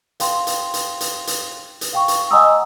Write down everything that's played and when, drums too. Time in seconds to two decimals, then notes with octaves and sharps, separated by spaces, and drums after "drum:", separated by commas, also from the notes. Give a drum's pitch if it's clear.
0.20 F5 G5 C6, drum: hi-hat
0.47 drum: hi-hat
0.74 drum: hi-hat
1.00 drum: hi-hat
1.27 drum: hi-hat
1.81 drum: hi-hat
1.93 F5 G5 C#6
2.08 drum: hi-hat
2.31 D#5 F#5 G#5 A#5 D#6 E6